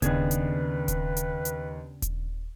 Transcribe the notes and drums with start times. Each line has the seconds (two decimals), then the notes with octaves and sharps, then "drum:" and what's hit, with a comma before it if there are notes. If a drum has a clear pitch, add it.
0.02 D#2 C#3 B3 D4 G#4 B4 G#6, drum: kick D#1, hi-hat
0.31 drum: hi-hat
0.88 drum: kick D#1, hi-hat
1.17 drum: hi-hat
1.45 drum: hi-hat
2.02 drum: kick D#1, hi-hat